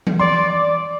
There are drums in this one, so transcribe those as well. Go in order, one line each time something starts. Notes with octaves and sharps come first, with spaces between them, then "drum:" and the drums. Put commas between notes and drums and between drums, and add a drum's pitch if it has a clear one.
drum: tom E3
D5 C6
D5